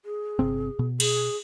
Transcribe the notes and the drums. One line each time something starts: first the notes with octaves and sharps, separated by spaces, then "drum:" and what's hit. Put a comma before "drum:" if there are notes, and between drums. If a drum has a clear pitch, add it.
G#4
G1 C3 C4
B2
G#4, drum: cymbal